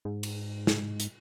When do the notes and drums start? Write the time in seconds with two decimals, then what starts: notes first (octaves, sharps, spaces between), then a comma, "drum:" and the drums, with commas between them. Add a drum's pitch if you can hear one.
0.05 G#2
0.23 drum: cymbal
0.67 drum: snare
1.00 drum: hi-hat